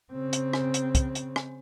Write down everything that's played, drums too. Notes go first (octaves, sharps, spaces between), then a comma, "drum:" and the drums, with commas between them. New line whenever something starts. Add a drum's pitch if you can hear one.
C#3 C4
drum: hi-hat
drum: rim click
drum: hi-hat
drum: kick, hi-hat
drum: hi-hat
drum: rim click